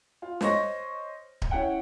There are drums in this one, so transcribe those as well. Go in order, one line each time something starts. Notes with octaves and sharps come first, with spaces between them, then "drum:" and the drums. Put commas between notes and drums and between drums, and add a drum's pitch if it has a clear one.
F4
C5 C#5 D#5 C#6 A#6, drum: snare
drum: kick D1
C#4 E4 E5 F#5 G5